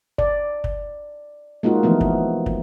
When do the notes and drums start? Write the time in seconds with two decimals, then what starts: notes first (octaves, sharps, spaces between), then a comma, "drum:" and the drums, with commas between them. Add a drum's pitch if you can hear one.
0.18 D5, drum: kick
0.64 drum: kick
1.63 G#3 A#3 D#4 F4 F#4
1.83 E3 F3 A3 B3
2.01 drum: kick
2.46 drum: kick